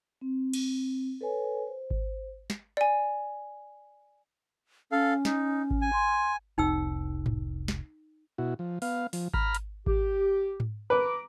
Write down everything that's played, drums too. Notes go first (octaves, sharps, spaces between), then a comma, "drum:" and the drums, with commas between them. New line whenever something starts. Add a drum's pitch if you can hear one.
C4
drum: cymbal
A4 B4 C#5 G#5
C5
drum: kick G#1
drum: snare
D5 G#5
C#4 A4 F5
D#4, drum: snare
drum: kick G#1
G#5
C6
F1 C2 D#4 G5 E6
drum: tom G#2
drum: snare
B2 E4 F#4
F3
B3 F5, drum: open hi-hat
F3, drum: open hi-hat
A#5 B5 F6, drum: kick G#1
drum: hi-hat
G4, drum: kick G#1
drum: tom G#2
B4 A#5 D6